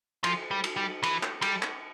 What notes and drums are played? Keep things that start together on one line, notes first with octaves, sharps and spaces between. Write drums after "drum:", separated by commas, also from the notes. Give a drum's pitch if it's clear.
F3, drum: cymbal
G3
drum: cymbal
G3
E3, drum: cymbal
drum: clap
G3, drum: cymbal
drum: clap